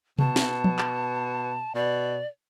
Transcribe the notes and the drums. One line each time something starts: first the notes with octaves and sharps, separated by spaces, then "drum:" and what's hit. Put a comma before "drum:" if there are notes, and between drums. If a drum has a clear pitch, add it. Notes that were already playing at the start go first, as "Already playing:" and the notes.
B2 A5, drum: tom C3
drum: snare
drum: tom F3
drum: clap
B2 D5